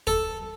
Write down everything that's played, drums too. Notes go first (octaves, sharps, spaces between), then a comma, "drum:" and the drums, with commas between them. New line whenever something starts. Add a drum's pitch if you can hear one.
A4, drum: kick